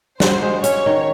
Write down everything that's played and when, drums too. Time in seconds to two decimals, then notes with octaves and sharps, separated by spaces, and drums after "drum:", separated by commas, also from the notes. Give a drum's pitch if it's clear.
0.20 F#4 C5, drum: snare
0.42 G#3
0.64 C#4 C#5, drum: hi-hat
0.86 D#3